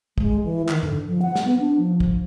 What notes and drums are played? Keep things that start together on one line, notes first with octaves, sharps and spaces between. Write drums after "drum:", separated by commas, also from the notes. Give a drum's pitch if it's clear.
G#3, drum: kick
E3
D#3, drum: clap
D3, drum: tom G2
F3
F#5
drum: snare
B3
D4
F3
drum: kick